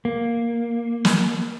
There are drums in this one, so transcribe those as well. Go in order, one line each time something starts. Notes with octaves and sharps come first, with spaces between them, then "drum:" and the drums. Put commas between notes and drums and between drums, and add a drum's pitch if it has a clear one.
A#3
drum: snare